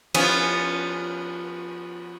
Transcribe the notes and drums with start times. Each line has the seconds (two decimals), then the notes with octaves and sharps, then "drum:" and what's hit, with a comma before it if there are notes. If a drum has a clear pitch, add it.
0.15 F3 B3 C#4, drum: cymbal